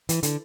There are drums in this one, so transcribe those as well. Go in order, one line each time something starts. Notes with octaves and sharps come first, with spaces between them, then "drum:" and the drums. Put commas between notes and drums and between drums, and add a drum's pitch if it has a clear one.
E3, drum: hi-hat
D3, drum: hi-hat